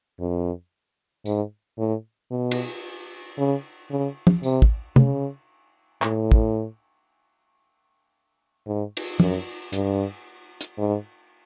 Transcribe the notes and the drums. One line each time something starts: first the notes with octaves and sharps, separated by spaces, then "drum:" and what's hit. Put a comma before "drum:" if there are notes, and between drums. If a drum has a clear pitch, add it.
F2
G#2, drum: tambourine
A2
B2
drum: cymbal
C#3
C#3
drum: tom
C3, drum: tambourine
drum: kick
C#3, drum: tom
A2, drum: clap
drum: kick
G#2
drum: cymbal
F#2, drum: tom
G2, drum: hi-hat
drum: hi-hat
G#2